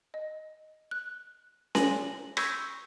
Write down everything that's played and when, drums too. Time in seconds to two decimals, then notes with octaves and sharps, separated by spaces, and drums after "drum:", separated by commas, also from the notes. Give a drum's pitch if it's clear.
0.14 D#5
0.91 F#6
1.75 G#5 A#6 F#7, drum: snare C#4
2.37 C#6 E6 G6 G#6 A#6, drum: rim click